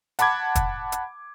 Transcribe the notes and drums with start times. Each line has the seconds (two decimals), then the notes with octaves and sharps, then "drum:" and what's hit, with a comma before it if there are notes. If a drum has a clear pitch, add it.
0.19 F#5 A5 B5 D6 G#6, drum: hi-hat
0.55 drum: kick, hi-hat
0.92 drum: hi-hat